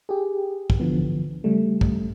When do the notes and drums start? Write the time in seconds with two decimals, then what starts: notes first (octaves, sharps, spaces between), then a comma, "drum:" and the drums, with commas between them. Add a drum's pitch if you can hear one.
0.09 G4 G#4
0.70 drum: kick
0.80 D3 E3 F3 B3
1.44 C#3 G3 A3
1.81 drum: kick